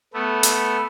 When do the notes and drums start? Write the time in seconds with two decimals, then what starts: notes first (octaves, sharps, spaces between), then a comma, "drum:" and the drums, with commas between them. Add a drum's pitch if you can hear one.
0.14 A3 B3
0.43 drum: hi-hat